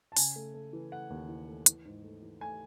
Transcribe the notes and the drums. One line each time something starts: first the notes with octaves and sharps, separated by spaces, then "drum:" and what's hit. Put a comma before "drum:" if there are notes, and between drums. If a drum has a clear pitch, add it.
A5
C#3 G#5, drum: open hi-hat
A3
A3
E3
A3 F#5
D#2
E3
A3
E3, drum: hi-hat
G#2
A3
E3
A3 G#5